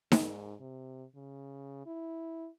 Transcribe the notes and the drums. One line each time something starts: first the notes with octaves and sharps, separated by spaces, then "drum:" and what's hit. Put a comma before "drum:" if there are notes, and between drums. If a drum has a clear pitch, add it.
G#2, drum: snare D#4
C3
C#3
E4